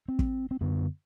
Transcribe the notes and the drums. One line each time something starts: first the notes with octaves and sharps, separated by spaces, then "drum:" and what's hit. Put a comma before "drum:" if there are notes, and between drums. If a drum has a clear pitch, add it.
C4
drum: kick
C4
F#2 D3 B3